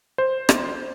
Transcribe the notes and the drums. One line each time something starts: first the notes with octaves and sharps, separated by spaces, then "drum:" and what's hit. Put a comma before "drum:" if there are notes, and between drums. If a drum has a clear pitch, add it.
C5
drum: rim click